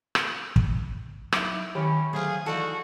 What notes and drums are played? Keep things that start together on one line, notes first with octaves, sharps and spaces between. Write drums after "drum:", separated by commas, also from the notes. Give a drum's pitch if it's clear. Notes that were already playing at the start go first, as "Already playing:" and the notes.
drum: rim click
drum: kick
F#3 D#4 E4 D6, drum: rim click
D#3 C#4 G4 B5
D3 F#3 A3 G#4 C5 F5
E3 D#4 F#4 A4 D5